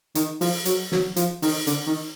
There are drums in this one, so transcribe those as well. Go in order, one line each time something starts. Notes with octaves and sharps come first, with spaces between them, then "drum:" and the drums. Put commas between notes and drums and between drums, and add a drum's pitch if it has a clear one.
D#3, drum: hi-hat
F3, drum: open hi-hat
F#3, drum: hi-hat
F#3, drum: snare
F3, drum: hi-hat
D#3, drum: open hi-hat
D3, drum: hi-hat
D#3